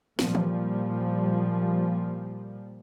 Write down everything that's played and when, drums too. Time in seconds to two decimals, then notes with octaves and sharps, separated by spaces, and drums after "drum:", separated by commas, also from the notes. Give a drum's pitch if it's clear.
0.19 A#2 F3 G3, drum: snare
0.35 drum: tom D#3